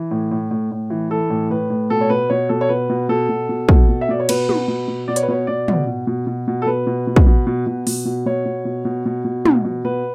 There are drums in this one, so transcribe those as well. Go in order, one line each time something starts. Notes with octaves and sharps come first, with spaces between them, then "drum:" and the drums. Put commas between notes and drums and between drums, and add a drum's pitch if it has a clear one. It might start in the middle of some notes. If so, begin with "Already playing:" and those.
Already playing: E3
A2
A2
A2
A2
E3
E3 A4
A2
A2 B4
A2
B2 A4
C#5
B2 B4
B2 C#5
B2 A4
C#5
B2 B4
B2
B2 A4
B2
B2
B2, drum: kick
B2
E5
B2 D5
C#5
B2 B4, drum: cymbal
B2, drum: tom
B2
B2
B2 D5
C#5, drum: hi-hat
B4
B2 C#5
B2 D5
B2, drum: tom
B2
B2
B2
B2
A4
B2 B4
B2
B2
drum: kick
B2
B2
B2
B2, drum: open hi-hat
B2
B2 C#5
B2
B2
B2
B2
B2
B2, drum: tom
B2
B2 B4